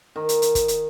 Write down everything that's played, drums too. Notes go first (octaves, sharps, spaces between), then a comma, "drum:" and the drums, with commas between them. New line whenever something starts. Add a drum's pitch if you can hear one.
D#3
drum: hi-hat
drum: hi-hat
drum: kick, hi-hat
drum: hi-hat